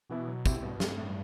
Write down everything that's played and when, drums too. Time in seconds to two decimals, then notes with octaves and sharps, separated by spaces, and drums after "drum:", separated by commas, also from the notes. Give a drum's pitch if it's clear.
0.10 B2 E3 B3 E4
0.28 F#3
0.46 C4 E4 G4, drum: kick, tambourine
0.63 G2 B2
0.80 A3 C4, drum: snare
0.98 A2